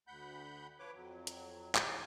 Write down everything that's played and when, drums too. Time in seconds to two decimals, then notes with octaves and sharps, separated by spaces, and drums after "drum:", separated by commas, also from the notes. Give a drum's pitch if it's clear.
0.07 D2 F#5 B5 G6
0.79 F3 B4 C#5 D6
0.95 F2 F#3
1.27 drum: hi-hat
1.75 D#2 F#3, drum: clap